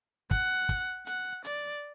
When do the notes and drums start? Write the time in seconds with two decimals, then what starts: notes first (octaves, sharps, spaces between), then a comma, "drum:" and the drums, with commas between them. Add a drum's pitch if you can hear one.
0.31 F#5, drum: kick, hi-hat
0.69 drum: kick, hi-hat
1.07 F#5, drum: hi-hat
1.45 D5, drum: hi-hat